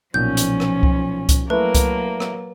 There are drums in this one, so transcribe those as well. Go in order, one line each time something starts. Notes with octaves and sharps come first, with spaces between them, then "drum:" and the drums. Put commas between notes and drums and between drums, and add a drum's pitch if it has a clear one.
B1 A#2 F3 C#4 G6
drum: hi-hat
drum: rim click
drum: kick C2
drum: kick C2, hi-hat
F#3 A3 A#3 E4 B4
drum: kick C2, hi-hat
drum: rim click